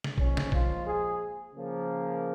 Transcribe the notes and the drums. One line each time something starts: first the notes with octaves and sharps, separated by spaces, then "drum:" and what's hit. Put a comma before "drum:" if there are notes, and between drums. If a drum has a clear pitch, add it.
drum: snare
A#2 F3 G#3 C#4, drum: kick
drum: snare
F4, drum: kick
G#4
C#3 F3 A#3